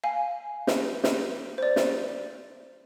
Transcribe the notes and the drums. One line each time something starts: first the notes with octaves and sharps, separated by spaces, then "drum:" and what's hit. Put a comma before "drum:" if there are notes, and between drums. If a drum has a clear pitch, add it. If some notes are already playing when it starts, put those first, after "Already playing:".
F5 G#5
drum: snare
drum: snare
C5 D5
drum: snare